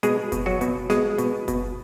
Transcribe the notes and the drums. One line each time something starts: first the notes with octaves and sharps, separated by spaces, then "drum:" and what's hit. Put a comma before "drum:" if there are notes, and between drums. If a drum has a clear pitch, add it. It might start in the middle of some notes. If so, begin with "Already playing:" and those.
B2 G#3 G#4, drum: hi-hat
B2, drum: kick F#1, hi-hat
F#3 F#4
B2, drum: hi-hat
B2 G#3 G#4, drum: snare
B2, drum: hi-hat
B2, drum: kick F#1, hi-hat